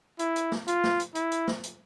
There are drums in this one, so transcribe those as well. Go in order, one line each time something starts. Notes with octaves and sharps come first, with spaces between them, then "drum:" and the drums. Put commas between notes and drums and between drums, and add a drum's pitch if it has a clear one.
E4, drum: hi-hat
drum: hi-hat
drum: snare
F4, drum: hi-hat
drum: snare
drum: hi-hat
E4, drum: hi-hat
drum: hi-hat
drum: snare
drum: hi-hat